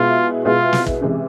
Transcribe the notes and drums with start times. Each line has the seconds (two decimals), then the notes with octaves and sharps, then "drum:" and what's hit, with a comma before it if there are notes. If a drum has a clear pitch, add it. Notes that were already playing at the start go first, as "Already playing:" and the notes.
Already playing: B2 G#3 B3 E4 F4 G#4
0.45 B2 G#3 B3 E4 F4 G#4
0.73 drum: snare
0.86 drum: kick
1.01 C3 E3 G#3 C#4